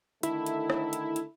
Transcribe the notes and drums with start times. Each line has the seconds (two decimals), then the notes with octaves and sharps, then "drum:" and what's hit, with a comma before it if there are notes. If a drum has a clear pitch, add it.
0.23 D3 D#3 A3 E4, drum: hi-hat
0.46 drum: hi-hat
0.70 drum: rim click
0.93 drum: hi-hat
1.16 drum: hi-hat